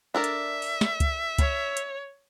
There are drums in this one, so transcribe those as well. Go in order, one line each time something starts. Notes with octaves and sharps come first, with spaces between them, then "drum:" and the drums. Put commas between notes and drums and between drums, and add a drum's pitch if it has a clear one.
D4 A4 A#4 E5
drum: hi-hat
drum: open hi-hat
drum: snare
drum: kick C#2, hi-hat
C#5, drum: kick C#2, hi-hat
drum: hi-hat